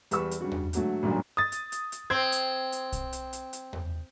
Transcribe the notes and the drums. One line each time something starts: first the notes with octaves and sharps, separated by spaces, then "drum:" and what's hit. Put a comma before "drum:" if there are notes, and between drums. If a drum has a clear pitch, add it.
E2 G3 B4 C#6 E6, drum: hi-hat
drum: hi-hat
G2 C#3 F#4
drum: tom E2
G#2 D3 F#3 A3 F#4, drum: hi-hat
A1 D2 G2 A#2 F3 F#3
D#6 A6
drum: hi-hat
drum: hi-hat
drum: hi-hat
C4 G#6
drum: hi-hat
drum: hi-hat
drum: kick, hi-hat
drum: hi-hat
drum: hi-hat
drum: hi-hat
drum: tom E2